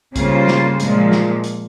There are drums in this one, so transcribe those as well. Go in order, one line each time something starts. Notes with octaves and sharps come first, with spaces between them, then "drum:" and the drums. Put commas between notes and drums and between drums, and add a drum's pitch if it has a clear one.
C#3 G3 A#3 F4 C5, drum: kick, hi-hat
drum: snare
A#2 F3 G#3, drum: hi-hat
drum: snare
drum: hi-hat